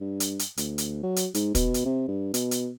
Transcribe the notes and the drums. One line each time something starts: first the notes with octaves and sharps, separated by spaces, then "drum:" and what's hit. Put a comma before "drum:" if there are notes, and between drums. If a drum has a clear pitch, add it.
G2
drum: hi-hat
drum: hi-hat
D2, drum: hi-hat
drum: hi-hat
F#3
drum: hi-hat
G#2, drum: hi-hat
B2, drum: kick, hi-hat
drum: hi-hat
C3
G2
B2, drum: hi-hat
drum: hi-hat